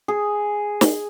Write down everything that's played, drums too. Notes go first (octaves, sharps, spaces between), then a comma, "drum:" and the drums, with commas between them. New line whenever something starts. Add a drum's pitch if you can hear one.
G#4
drum: snare